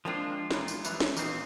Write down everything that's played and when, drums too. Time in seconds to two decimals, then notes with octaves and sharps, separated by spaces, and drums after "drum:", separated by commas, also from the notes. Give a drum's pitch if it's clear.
0.05 F3 G#3 A#3 C4 D4 F4
0.51 E2 A#2, drum: snare
0.68 drum: tambourine
0.85 F#2 E3 G3, drum: tambourine
1.00 drum: snare
1.17 A#2 E3 C4 D#5, drum: tambourine